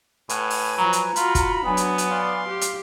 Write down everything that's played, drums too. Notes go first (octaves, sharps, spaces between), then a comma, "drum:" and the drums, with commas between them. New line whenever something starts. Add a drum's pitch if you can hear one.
A2 B4 F#5 G#5, drum: hi-hat
drum: open hi-hat
F3 F#3 A#5
drum: hi-hat
F4 F#4 B5, drum: hi-hat
drum: kick, hi-hat
F#3 B3 D4 G#5
drum: hi-hat
drum: hi-hat
D5 F5 C6
G4
drum: hi-hat